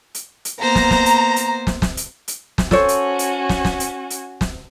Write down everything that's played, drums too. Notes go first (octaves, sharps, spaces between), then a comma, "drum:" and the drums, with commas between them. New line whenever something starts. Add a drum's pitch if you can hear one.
drum: hi-hat
drum: hi-hat
A#3 B3 C5 A#5
drum: snare
drum: snare
drum: hi-hat
drum: hi-hat
drum: snare
drum: snare
drum: hi-hat
drum: hi-hat
drum: snare
C#4 F#4 A4 C5 C#5, drum: snare
drum: hi-hat
drum: hi-hat
drum: snare
drum: snare
drum: hi-hat
drum: hi-hat
drum: snare